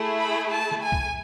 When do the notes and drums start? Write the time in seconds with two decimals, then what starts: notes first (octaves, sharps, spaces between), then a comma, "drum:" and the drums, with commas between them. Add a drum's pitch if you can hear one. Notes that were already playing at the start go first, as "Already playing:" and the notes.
Already playing: A3 E4 G#4
0.19 B5
0.51 A5
0.71 drum: snare
0.82 G#5
0.92 drum: kick B1